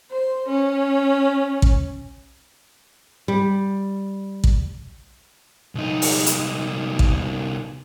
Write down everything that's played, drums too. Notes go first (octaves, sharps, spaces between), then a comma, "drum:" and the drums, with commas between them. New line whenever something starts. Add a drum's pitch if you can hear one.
C5
C#4
drum: kick
G3
drum: kick
C2 D#4
drum: open hi-hat
drum: hi-hat
drum: kick